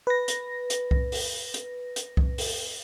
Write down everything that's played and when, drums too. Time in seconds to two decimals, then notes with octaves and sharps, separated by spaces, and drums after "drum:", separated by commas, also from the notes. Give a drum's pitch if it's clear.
0.07 B4 A#6
0.28 drum: hi-hat
0.70 drum: hi-hat
0.91 drum: kick C2
1.12 drum: open hi-hat
1.54 drum: hi-hat
1.96 drum: hi-hat
2.17 drum: kick C2
2.38 drum: open hi-hat